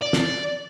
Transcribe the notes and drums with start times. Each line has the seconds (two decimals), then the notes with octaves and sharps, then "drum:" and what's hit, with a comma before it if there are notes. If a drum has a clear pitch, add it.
0.02 D5
0.13 drum: snare